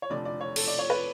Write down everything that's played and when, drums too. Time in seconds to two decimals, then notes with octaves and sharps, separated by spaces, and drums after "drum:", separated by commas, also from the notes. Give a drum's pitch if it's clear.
0.02 C#5
0.10 F1 F2 D3 F3 D5
0.25 D5
0.41 C#5
0.56 A4, drum: cymbal
0.68 D5
0.79 C#5
0.90 B4